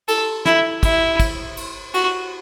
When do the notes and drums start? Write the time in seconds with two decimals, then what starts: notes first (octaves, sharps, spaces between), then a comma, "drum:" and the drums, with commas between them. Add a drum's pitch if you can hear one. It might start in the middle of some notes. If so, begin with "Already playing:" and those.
0.08 A4, drum: cymbal
0.45 E4, drum: snare
0.83 E4, drum: kick, cymbal
1.20 drum: kick, cymbal
1.57 drum: cymbal
1.94 F#4, drum: cymbal